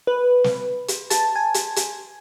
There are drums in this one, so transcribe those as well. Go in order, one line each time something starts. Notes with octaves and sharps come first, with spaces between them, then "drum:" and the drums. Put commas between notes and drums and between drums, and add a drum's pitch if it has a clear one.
B4
drum: snare
drum: hi-hat
A5, drum: hi-hat
G#5
drum: hi-hat
drum: hi-hat